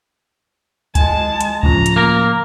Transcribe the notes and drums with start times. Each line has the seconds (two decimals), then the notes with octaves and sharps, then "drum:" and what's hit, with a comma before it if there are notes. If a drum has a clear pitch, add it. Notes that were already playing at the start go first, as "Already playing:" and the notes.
0.95 G#3 G#5 A5, drum: kick, hi-hat
1.41 drum: hi-hat
1.63 A2 C#3 F3 A#5, drum: kick
1.86 drum: hi-hat
1.96 A#3 A#4